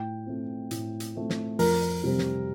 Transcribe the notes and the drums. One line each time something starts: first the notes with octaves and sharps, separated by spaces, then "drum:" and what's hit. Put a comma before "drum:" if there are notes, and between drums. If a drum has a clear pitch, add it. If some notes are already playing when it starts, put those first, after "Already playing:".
Already playing: A2 G5
A3 C4
A2, drum: hi-hat
drum: hi-hat
A3 C4
drum: snare
F2 A#4, drum: open hi-hat
C3 G3 C4
drum: snare